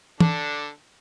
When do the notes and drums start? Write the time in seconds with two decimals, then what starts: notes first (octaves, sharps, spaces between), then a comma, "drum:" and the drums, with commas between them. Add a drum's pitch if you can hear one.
0.20 D3 D4, drum: tom